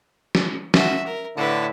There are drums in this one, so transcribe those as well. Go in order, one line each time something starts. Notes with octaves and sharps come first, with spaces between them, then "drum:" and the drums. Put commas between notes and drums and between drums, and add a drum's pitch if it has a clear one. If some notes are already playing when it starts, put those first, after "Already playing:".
drum: snare
F#4 E5, drum: snare
A#4
A2 D3 E4 B4